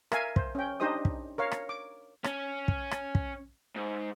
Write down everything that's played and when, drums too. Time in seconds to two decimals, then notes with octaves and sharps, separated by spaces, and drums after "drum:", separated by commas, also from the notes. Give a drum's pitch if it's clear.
0.12 A#4 E5 F5 G#5, drum: rim click
0.36 C5, drum: kick
0.55 C#4 G5
0.80 D4 D#4 G4 C5 D#5 D#6
1.05 drum: kick
1.38 A#4 C#5 F5
1.51 drum: rim click
1.69 D6
2.24 C#4, drum: rim click
2.68 drum: kick
2.91 drum: rim click
3.15 drum: kick
3.76 G#2